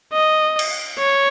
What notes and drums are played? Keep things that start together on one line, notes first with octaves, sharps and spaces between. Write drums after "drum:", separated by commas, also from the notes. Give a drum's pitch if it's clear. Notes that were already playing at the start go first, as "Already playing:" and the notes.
D#5
drum: cymbal
C#5